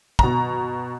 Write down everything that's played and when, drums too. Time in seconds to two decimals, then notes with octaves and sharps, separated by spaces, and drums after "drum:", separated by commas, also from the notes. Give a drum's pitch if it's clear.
0.19 B2 A#5, drum: kick